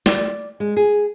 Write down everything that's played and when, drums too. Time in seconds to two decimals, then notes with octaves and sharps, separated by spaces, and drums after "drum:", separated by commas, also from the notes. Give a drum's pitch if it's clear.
0.06 D5, drum: snare
0.60 G#3
0.77 G#4